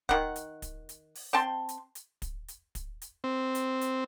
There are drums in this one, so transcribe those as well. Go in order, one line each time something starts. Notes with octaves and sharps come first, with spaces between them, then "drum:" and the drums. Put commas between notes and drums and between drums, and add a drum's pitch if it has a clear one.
D#3 F#5, drum: kick
drum: hi-hat
drum: kick, hi-hat
drum: hi-hat
drum: open hi-hat
C4 G5 A5 C6
drum: hi-hat
drum: hi-hat
drum: kick, hi-hat
drum: hi-hat
drum: kick, hi-hat
drum: hi-hat
C4
drum: hi-hat
drum: hi-hat